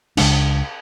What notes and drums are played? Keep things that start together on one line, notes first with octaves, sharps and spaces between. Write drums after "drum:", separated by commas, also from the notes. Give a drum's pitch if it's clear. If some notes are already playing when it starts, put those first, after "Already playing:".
C#2 C#3 G#3 D4, drum: cymbal